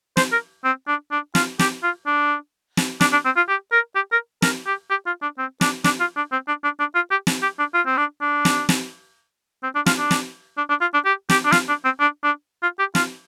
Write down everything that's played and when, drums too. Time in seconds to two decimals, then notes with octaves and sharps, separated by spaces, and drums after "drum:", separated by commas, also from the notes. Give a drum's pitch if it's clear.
0.17 C5, drum: snare
0.32 A#4
0.64 C4
0.87 D4
1.11 D4
1.35 F4, drum: snare
1.59 G4, drum: snare
1.83 F4
2.06 D4
2.77 drum: snare
3.01 D4, drum: snare
3.12 D4
3.25 C4
3.36 F4
3.48 G4
3.72 A#4
3.95 G4
4.12 A#4
4.42 A#4, drum: snare
4.66 G4
4.90 G4
5.06 F4
5.22 D4
5.38 C4
5.61 D4, drum: snare
5.84 D4, drum: snare
6.00 F4
6.17 D4
6.32 C4
6.48 D4
6.64 D4
6.79 D4
6.95 F4
7.11 G4
7.27 drum: snare
7.42 G4
7.59 D4
7.74 F4
7.86 C4
7.97 D4
8.21 D4
8.45 drum: snare
8.69 drum: snare
9.63 C4
9.75 D4
9.86 F4, drum: snare
9.98 D4
10.11 drum: snare
10.57 D4
10.69 D4
10.81 F4
10.94 D4
11.05 G4
11.30 G4, drum: snare
11.45 D4
11.52 F4, drum: snare
11.69 D4
11.85 C4
12.00 D4
12.24 D4
12.63 F4
12.79 G4
12.95 F4, drum: snare